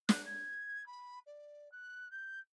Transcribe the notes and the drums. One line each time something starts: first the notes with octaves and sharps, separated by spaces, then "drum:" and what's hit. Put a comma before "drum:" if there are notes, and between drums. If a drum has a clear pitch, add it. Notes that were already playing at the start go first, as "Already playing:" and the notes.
F#6, drum: snare
G#6
B5
D5
F#6
G6